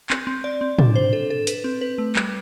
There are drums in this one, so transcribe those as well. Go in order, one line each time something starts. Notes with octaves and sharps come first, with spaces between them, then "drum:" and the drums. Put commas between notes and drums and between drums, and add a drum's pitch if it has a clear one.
C4, drum: clap
C4
D5
C4
D4, drum: tom
C5
A4
A4
B4, drum: hi-hat
C4
B4
A3
G3, drum: clap